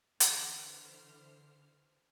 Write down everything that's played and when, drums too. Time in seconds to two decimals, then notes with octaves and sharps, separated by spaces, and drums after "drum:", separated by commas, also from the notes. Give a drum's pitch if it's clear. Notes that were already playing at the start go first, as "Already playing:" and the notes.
0.20 D3 E3 C5 F6, drum: hi-hat